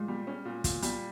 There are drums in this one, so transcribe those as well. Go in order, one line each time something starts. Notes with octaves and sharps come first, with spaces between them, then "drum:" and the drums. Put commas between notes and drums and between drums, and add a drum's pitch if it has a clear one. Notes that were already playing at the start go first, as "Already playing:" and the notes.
Already playing: A#2 G#3
G3
C#4
A#2
A#2, drum: kick, hi-hat
G3, drum: hi-hat